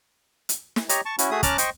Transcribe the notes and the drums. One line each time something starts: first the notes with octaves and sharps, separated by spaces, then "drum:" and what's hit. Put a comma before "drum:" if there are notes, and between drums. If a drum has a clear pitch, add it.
drum: hi-hat
drum: snare
G4 C#5 D#5 A#5, drum: hi-hat
A5 C#6
C#4 E4 F#4, drum: hi-hat
A3 F#4 G#4 E5 D#6
C#4 A5 A#5 D6 F6 F#6, drum: kick, hi-hat
C5 D#5 G5 C#6, drum: hi-hat